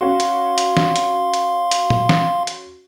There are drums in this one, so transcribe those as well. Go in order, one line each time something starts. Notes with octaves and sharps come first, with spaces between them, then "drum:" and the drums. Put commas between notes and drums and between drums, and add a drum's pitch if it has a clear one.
C#4 F#4 F5 C6
drum: hi-hat
drum: hi-hat
drum: snare
drum: hi-hat
drum: hi-hat
drum: hi-hat
drum: tom
drum: snare
drum: hi-hat